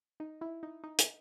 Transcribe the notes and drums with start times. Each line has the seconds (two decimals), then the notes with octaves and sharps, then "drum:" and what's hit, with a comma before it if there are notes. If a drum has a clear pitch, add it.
0.20 D#4
0.41 E4
0.63 D#4
0.84 D#4
0.99 drum: hi-hat